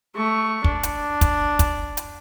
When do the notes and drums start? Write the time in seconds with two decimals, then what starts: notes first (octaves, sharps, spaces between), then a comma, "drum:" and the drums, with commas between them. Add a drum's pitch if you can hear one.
0.15 A3 C#6
0.64 D4, drum: kick
0.83 drum: hi-hat
1.21 drum: kick, hi-hat
1.59 drum: kick, hi-hat
1.97 drum: hi-hat